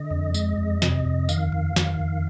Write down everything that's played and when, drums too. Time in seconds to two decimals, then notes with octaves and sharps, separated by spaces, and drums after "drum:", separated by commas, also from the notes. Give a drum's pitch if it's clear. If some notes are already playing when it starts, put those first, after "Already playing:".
Already playing: D3 D#5
0.11 F2
0.34 G#3, drum: tambourine
0.58 F2
0.82 C3, drum: snare
1.05 F2
1.29 D#3 F5, drum: tambourine
1.52 F2
1.76 D#3, drum: snare
2.00 F2